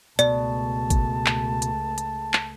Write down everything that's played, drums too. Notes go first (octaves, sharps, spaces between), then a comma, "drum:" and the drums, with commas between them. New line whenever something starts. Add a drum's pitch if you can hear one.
C#2 B2 A3 D5 A5, drum: hi-hat
drum: kick, hi-hat
drum: clap
drum: hi-hat
drum: hi-hat
drum: clap